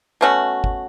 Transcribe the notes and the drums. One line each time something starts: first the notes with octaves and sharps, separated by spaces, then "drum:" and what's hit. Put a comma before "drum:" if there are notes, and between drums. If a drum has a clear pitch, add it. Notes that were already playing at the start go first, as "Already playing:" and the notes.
B2 A3 C#4 F#4
drum: kick